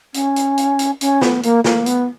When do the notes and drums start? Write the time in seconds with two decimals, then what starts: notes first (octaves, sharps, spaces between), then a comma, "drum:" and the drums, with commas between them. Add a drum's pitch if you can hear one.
0.14 C#4, drum: hi-hat
0.36 drum: hi-hat
0.58 drum: hi-hat
0.79 drum: hi-hat
1.01 C#4, drum: hi-hat
1.21 B3, drum: snare
1.43 A#3, drum: hi-hat
1.64 A#3, drum: snare
1.86 B3, drum: hi-hat